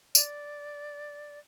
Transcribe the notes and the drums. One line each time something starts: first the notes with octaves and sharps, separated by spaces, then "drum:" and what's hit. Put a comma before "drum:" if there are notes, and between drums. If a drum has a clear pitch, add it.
D5, drum: tambourine